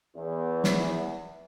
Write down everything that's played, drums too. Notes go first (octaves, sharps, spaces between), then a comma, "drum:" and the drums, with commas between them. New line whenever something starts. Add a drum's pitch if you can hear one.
E2
drum: snare